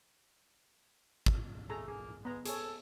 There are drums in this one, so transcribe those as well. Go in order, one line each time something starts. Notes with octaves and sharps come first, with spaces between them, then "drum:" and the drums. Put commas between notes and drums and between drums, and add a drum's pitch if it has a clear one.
drum: kick
A3 G#4 A4 A#5
A#3 G#4
G#3 B3 A#5
G#4 A4 C#5, drum: hi-hat